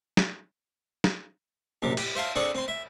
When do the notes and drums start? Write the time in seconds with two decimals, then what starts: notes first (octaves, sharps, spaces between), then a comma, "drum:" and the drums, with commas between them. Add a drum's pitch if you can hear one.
0.17 drum: snare
1.04 drum: snare
1.82 A#1 F#2 C3 D6
1.97 G4, drum: cymbal
2.15 C5 E5 F5 A5
2.36 C4 D4 G#4 A4 C#6
2.55 C4 C6
2.68 E5